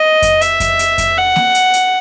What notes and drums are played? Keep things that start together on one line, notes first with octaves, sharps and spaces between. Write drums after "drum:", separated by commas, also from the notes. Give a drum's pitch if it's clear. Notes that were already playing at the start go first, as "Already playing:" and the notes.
Already playing: D#5
drum: kick F2, hi-hat
E5, drum: hi-hat
drum: kick F2, hi-hat
drum: hi-hat
drum: kick F2, hi-hat
F#5
drum: snare A#3
drum: hi-hat
drum: hi-hat